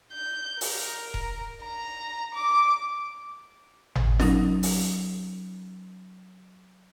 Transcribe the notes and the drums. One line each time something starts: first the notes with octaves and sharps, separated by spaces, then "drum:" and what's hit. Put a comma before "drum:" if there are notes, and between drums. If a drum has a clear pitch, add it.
G6
A#4, drum: open hi-hat
drum: kick D#1
A#5
D6
drum: tom G#1
F#3 C#4 D#4 A#4, drum: snare
drum: open hi-hat